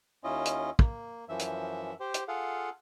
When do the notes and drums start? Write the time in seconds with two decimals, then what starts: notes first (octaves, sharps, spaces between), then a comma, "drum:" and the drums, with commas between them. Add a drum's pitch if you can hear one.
0.24 D#2 C#4 E4 F4 D#5
0.45 drum: hi-hat
0.79 A#3, drum: kick
1.29 F#2 E3 F3 E5
1.39 drum: hi-hat
2.00 G4 C5
2.14 drum: hi-hat
2.28 F4 G#4 A4 F5 F#5